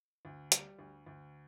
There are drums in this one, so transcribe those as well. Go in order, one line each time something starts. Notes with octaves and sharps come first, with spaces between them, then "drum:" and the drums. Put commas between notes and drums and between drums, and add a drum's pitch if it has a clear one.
D2
G3, drum: hi-hat
D2
D2